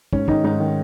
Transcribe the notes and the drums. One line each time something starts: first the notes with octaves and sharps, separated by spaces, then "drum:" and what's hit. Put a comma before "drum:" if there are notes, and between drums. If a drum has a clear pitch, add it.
G#2 C#4, drum: kick
D#3 D#4, drum: kick
G#2 D#4
D#3